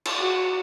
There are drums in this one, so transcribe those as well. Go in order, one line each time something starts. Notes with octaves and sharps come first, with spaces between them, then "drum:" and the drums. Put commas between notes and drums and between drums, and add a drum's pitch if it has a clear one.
drum: cymbal
F#4